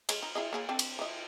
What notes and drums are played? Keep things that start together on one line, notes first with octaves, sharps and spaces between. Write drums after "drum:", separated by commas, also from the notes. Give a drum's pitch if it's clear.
G#3 C#5, drum: cymbal
D#4
E4 G#4 D#5
A#3 G#4 C#5
C4 D4 A4
drum: cymbal
E3 D#5